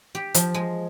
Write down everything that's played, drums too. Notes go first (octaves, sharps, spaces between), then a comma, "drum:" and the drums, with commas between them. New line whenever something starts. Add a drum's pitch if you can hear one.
G4
F3, drum: hi-hat
G#3